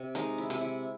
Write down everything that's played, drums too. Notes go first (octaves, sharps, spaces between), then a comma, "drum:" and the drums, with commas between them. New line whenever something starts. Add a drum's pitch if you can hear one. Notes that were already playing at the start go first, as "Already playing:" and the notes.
Already playing: C3
G#3 D#4, drum: hi-hat
E4
C3, drum: hi-hat
E4